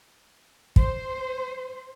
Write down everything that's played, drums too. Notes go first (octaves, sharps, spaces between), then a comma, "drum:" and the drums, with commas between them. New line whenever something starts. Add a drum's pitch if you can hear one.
C5, drum: kick